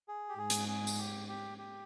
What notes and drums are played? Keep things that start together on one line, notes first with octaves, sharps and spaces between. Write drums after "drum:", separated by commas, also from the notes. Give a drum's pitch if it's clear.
G#4
G4
G#2 G#4
drum: hi-hat
G#4
drum: tambourine
G4
G4
G4